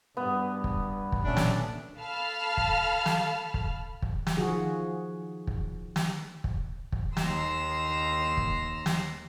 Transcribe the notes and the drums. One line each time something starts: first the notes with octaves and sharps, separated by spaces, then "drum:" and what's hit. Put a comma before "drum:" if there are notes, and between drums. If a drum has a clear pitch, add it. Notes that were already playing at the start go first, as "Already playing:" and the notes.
G2 B3
drum: kick
drum: kick
B1 A#2 A3 C#4 D4
drum: snare
A4 F5 A5 B5 F6
drum: kick
drum: snare
drum: kick
drum: kick
drum: snare
D#3 F3 F#4 G#4
drum: kick
drum: snare
drum: kick
drum: kick
D#2 A#5 C6 E6, drum: snare
drum: kick
drum: snare